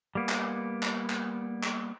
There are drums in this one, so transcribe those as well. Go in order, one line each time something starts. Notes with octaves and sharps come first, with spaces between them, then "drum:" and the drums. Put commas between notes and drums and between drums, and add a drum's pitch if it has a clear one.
G3 A#3 B3
drum: clap
drum: clap
drum: clap
drum: clap